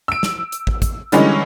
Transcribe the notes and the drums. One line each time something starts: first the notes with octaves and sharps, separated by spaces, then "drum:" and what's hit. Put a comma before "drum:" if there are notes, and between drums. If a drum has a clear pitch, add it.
E6 D7
drum: snare
drum: hi-hat
drum: kick
drum: kick, hi-hat
D3 E3 G3 G#3 C#4 D#4, drum: hi-hat